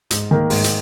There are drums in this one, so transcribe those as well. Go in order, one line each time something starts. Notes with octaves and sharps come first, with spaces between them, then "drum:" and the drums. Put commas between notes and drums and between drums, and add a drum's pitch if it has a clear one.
G#2, drum: hi-hat
D#3 A#3
G#2, drum: open hi-hat
drum: hi-hat